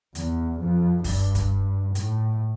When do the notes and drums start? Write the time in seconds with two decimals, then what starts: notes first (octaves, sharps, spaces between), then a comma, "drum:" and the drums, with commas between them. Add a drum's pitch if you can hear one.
0.15 E2, drum: hi-hat
0.60 F2
1.04 G2, drum: kick, open hi-hat
1.35 drum: kick, hi-hat
1.95 A2, drum: hi-hat